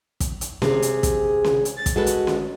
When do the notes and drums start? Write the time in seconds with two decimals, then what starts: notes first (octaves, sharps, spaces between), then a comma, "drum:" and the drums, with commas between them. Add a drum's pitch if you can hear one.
0.20 drum: kick, hi-hat
0.41 drum: hi-hat
0.62 C3 G#4, drum: snare C#4
0.82 drum: hi-hat
1.03 drum: kick, hi-hat
1.44 drum: snare C#4
1.65 drum: hi-hat
1.77 A6
1.86 drum: kick, hi-hat
1.96 G#3 F#4 A4 B4
2.06 drum: hi-hat
2.27 drum: snare C#4